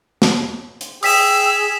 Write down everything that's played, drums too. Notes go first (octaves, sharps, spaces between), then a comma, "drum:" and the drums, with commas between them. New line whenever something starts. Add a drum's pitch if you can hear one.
drum: snare
drum: hi-hat
G#4 G5 D#6 E6 B6 E7, drum: open hi-hat